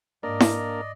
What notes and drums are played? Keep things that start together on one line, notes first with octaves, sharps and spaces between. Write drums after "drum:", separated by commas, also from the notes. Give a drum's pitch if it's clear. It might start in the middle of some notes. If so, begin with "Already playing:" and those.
G#2 A#3 D4 A#4 D5 D#5
drum: snare E4